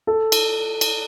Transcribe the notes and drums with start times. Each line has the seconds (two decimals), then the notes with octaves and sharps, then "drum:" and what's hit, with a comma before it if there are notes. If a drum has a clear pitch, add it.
0.07 A4
0.32 drum: cymbal
0.81 drum: cymbal